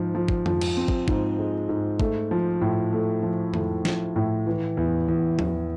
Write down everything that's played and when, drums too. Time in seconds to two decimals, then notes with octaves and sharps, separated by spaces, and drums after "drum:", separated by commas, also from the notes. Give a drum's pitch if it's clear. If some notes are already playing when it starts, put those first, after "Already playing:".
Already playing: G#2 F3
0.15 F3
0.28 drum: kick
0.46 F3, drum: tom F2
0.61 drum: cymbal
0.77 C4
0.88 drum: kick
1.08 G#2, drum: kick
1.39 G#3
1.69 G#2
2.00 A3, drum: kick
2.31 F3
2.61 A2
2.93 A3
3.23 F3
3.54 A3, drum: tom F2
3.85 F3, drum: snare
4.16 A2
4.46 E3
4.77 E2
5.08 E2
5.39 E2, drum: tom F3